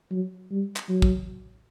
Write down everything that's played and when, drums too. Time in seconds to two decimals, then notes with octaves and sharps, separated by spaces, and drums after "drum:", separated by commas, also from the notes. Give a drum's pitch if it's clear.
0.11 F#3
0.50 G3
0.76 drum: clap
0.89 F#3
1.02 drum: kick